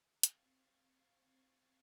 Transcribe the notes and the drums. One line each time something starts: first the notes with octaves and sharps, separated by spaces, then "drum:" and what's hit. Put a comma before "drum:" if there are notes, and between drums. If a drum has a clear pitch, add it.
C4 F5 C#6 G#6 A6 C7, drum: hi-hat